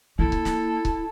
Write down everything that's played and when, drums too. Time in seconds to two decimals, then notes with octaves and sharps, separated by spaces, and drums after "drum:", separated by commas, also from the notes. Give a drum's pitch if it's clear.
0.19 A#3 E4 A4
0.32 drum: kick C#1
0.45 drum: snare
0.85 drum: kick C#1